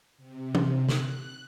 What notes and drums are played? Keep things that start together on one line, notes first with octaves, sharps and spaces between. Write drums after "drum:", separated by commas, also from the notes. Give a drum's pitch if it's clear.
C3
drum: tom E3
F#6, drum: snare